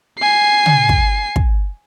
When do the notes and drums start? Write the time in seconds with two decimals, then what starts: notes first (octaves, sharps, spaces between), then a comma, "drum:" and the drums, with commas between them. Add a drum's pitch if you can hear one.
0.19 G#5 C7
0.66 drum: tom
0.89 drum: kick
1.36 drum: kick